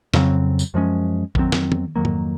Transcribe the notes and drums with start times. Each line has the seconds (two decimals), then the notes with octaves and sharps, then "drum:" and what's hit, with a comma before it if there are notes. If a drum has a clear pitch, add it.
0.14 F2 C#3 F#3 C4, drum: snare
0.59 drum: tambourine
0.74 F#2 F3 G#3 C#4
1.35 F2 D#3 F#3 C4, drum: kick
1.52 drum: snare
1.72 drum: tom D#3
1.96 F2 D#3 F#3 A#3
2.05 drum: tom G#2